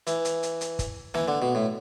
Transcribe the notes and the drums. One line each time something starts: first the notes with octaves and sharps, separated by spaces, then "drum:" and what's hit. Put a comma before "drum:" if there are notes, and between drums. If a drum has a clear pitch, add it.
E3, drum: hi-hat
drum: hi-hat
drum: hi-hat
drum: hi-hat
drum: kick, hi-hat
E3, drum: snare
D3
B2
A2